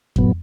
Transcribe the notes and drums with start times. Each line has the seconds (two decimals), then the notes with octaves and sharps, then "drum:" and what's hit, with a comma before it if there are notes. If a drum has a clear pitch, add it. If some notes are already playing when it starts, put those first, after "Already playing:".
0.16 A2 F#3 B3, drum: kick F2